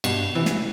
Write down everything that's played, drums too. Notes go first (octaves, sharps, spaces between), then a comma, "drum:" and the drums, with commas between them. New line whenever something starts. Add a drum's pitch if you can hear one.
G2 B2, drum: cymbal
C3 E3
drum: snare